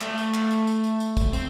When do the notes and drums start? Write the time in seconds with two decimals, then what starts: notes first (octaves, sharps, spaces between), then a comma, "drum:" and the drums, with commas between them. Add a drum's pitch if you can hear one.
0.01 A3, drum: clap
0.18 drum: tambourine
0.34 drum: clap
0.51 drum: tambourine
0.67 drum: tambourine
0.84 drum: tambourine
1.00 drum: tambourine
1.17 drum: kick, tambourine
1.33 C4, drum: tambourine